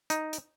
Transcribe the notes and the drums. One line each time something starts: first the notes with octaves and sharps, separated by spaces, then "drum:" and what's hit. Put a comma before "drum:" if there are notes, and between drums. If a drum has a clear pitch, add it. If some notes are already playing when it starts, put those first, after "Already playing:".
D#4, drum: hi-hat
drum: hi-hat